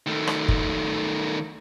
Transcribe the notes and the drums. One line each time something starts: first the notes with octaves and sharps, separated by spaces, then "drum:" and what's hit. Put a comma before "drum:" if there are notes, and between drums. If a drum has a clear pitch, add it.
D#3 A3
drum: rim click
drum: kick